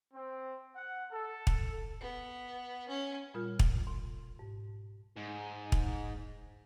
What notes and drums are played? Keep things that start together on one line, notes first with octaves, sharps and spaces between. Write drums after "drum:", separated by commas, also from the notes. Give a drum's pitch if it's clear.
C4
F#5
A4
drum: kick
B3
C#4
A#2 G3 F4 A#4 F6
drum: kick
B2
G#2
G#2
drum: kick